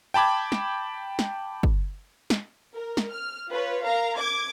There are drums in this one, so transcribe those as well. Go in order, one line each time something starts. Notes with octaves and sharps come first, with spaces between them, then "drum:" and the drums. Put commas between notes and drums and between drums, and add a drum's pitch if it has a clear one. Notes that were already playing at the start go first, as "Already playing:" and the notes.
G5 A5 B5 D6 G#6
drum: snare
drum: snare
drum: kick
drum: snare
A#4
drum: snare
F6
F4 B4 C#5
A#4 F5 A#5
D6 G#6